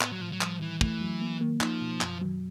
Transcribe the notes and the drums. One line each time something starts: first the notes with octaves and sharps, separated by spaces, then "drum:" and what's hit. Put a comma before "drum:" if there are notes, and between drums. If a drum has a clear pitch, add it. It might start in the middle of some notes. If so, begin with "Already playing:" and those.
A2 B3, drum: clap
F#3
A2 F3
F#3
F3 G3, drum: clap
D#3 E3
E3 A3, drum: kick
F#3
A#3
A#3
F3 D#4, drum: clap
B2
F#2, drum: clap
F#3